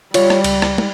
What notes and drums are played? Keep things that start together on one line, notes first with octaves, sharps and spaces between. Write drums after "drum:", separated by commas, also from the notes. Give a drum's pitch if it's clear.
G3 F4 C#5, drum: cymbal
drum: rim click
C#2, drum: cymbal
drum: rim click
drum: tom